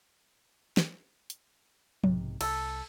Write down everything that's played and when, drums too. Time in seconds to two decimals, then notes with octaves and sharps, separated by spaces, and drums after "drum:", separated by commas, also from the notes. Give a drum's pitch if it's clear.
0.77 drum: snare
1.30 drum: hi-hat
2.04 B1 G#2 C3, drum: tom F3
2.41 C2 A4, drum: cymbal